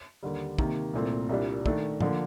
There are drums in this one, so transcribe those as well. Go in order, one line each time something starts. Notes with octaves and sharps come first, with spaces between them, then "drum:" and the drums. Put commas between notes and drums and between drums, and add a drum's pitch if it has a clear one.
D#2 D3 G3
C3 D#3 A#3, drum: kick
C2 A#2 A3 C4
C2 A#2 G3 D4
D#3 A3 D4, drum: kick
D3 F3 A#3, drum: tom